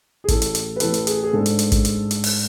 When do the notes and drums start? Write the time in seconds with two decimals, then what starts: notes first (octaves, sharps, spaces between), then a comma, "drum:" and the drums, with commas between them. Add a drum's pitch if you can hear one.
0.24 G#4
0.28 A1 A2 E3 A4, drum: kick, hi-hat
0.42 drum: hi-hat
0.55 drum: hi-hat
0.76 B4
0.80 A1 A2 E3 A4, drum: hi-hat
0.94 drum: hi-hat
1.07 G#4, drum: hi-hat
1.24 G#4
1.33 G#2 G#3 D4 A4
1.46 drum: hi-hat
1.59 drum: hi-hat
1.72 drum: kick, hi-hat
1.85 drum: hi-hat
2.11 drum: hi-hat
2.24 drum: open hi-hat